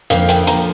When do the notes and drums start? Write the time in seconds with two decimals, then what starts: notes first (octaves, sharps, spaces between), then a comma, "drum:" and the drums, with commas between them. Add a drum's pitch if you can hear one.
0.10 F2 D3 F3 A#3 F5, drum: hi-hat
0.29 G5, drum: hi-hat
0.47 D3 F3 A#3 A#5, drum: hi-hat